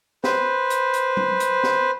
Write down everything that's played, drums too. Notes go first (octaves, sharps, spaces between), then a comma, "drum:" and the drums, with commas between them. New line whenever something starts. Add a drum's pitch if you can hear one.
B4 C5, drum: snare
drum: hi-hat
drum: hi-hat
drum: tom F#3
drum: hi-hat
drum: snare